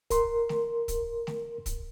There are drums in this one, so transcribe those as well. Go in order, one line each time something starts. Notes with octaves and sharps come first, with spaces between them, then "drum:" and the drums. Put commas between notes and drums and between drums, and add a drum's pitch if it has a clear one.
A#4 C6, drum: kick, hi-hat
drum: snare A3
drum: kick, hi-hat
drum: snare A3
drum: kick, hi-hat